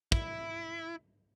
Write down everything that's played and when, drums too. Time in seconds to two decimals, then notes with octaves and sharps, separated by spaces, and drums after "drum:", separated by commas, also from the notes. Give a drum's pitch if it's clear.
0.12 E4, drum: kick